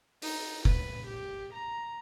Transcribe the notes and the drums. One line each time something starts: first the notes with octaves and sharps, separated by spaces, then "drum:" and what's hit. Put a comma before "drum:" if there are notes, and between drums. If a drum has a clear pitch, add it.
D#4, drum: open hi-hat
B4, drum: kick F1
G4
A#5